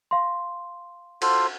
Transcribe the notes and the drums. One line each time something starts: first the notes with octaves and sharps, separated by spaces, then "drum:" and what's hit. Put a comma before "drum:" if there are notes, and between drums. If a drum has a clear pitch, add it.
F5 C6
F4 A4 C5, drum: cymbal